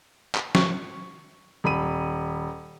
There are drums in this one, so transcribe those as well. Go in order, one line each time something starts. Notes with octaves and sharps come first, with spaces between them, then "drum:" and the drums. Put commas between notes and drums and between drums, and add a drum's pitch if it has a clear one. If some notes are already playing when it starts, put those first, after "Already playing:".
drum: clap
C#6, drum: snare
D#1 B5 D#7